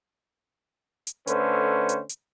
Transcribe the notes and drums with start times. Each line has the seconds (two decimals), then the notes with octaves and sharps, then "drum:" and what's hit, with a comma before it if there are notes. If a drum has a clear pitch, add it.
1.07 drum: hi-hat
1.27 D3 A3 C#4 B4 C5, drum: hi-hat
1.89 drum: hi-hat
2.09 drum: hi-hat